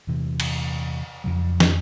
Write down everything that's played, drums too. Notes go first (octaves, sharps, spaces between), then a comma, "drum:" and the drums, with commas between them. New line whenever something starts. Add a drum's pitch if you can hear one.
E2 C3 E3
drum: cymbal
F2 C#3 F#3
drum: snare